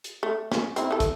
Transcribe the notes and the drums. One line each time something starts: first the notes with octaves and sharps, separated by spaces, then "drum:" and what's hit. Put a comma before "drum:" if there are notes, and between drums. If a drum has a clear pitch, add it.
drum: hi-hat
A3
C#4, drum: snare
C4 E4, drum: hi-hat
E3 A4
drum: kick, hi-hat